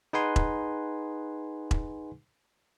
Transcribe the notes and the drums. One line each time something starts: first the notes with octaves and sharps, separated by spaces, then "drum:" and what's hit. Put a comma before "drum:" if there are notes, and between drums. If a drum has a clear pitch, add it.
D#4 G#4 B4 F#5 G#5 C6
drum: kick E1
drum: kick E1